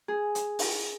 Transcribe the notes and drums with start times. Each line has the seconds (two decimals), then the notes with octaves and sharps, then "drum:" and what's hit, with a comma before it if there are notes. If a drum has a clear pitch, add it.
0.08 G#4
0.35 drum: hi-hat
0.59 drum: open hi-hat